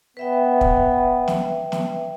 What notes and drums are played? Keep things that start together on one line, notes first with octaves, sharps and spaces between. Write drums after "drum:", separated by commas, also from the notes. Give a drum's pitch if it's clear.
B3 B4 E5 G5
drum: kick
drum: snare
drum: snare